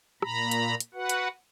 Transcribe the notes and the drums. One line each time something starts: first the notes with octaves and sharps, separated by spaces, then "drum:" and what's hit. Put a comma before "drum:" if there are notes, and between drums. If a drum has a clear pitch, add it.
A#2 A#5 B5, drum: rim click
drum: hi-hat
drum: hi-hat
F#4 B4 F#5
drum: hi-hat